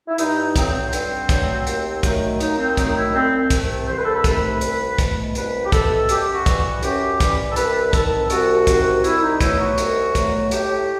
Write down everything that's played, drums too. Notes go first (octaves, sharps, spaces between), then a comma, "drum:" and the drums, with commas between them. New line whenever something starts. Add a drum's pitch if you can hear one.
E4
G2 D#4, drum: hi-hat
F#3 A3 C4, drum: kick, hi-hat
C4
G2, drum: hi-hat
F#3 A3, drum: kick, hi-hat
D#2, drum: hi-hat
D#3 F#3 A3, drum: kick, hi-hat
D#2 D#4, drum: hi-hat
C4
D#3 F#3 A3 D#4, drum: kick, hi-hat
D#4
E4
C2 C4
C3 D#3 A3, drum: kick, hi-hat
C2 C5
B4
A4
B4
C3 D#3 A3, drum: kick, hi-hat
C2, drum: hi-hat
B2 A3, drum: kick, hi-hat
C2 B4, drum: hi-hat
G4
B2 A3 A4, drum: kick, hi-hat
F#2 G4, drum: hi-hat
F#4
E3 G3, drum: kick, hi-hat
F#4
F#2 G4, drum: hi-hat
E3 G3, drum: kick, hi-hat
A4
C2 B4, drum: hi-hat
C3 D#3 A4, drum: kick, hi-hat
C2 F#4, drum: hi-hat
C3 D#3, drum: kick, hi-hat
C2 E4, drum: hi-hat
D#4
B2 F#3 A3 E4, drum: kick, hi-hat
F#4
C2, drum: hi-hat
B2 F#3 A3, drum: kick, hi-hat
A2 G4, drum: hi-hat